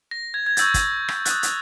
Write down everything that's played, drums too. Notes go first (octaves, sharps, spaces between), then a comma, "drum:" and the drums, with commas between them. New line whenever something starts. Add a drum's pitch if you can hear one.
A#6
G#6
G#6
C#6 E6 G6 A6, drum: hi-hat
drum: kick, hi-hat
drum: rim click
D#6 F#6 A6, drum: hi-hat
drum: hi-hat